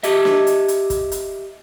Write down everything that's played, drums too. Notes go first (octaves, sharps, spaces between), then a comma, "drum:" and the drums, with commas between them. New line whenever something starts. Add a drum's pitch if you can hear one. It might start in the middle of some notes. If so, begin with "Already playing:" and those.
G4 D#5 E5, drum: hi-hat
drum: snare
drum: hi-hat
drum: hi-hat
drum: kick, hi-hat
drum: hi-hat